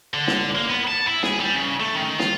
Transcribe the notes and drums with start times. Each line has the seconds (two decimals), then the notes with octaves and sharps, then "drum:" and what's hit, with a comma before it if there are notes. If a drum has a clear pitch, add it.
0.14 D3
0.27 drum: snare
0.55 A#3
0.70 B3
0.88 A5
1.07 E4
1.23 G#4, drum: snare
1.40 G3
1.54 C#3
1.80 A3
1.95 D#3
2.19 F4, drum: snare